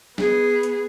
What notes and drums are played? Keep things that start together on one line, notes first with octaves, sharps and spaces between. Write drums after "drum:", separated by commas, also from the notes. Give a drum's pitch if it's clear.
B3 G#4, drum: snare
drum: hi-hat